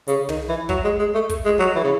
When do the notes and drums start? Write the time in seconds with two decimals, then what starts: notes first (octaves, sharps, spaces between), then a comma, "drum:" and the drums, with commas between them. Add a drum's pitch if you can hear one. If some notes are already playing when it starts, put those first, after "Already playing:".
0.08 C#3, drum: hi-hat
0.29 D#3, drum: tom
0.49 E3
0.69 F#3, drum: kick
0.84 G#3
0.99 G#3
1.14 A3
1.30 drum: kick, hi-hat
1.45 G#3
1.59 F#3
1.75 E3
1.84 C#3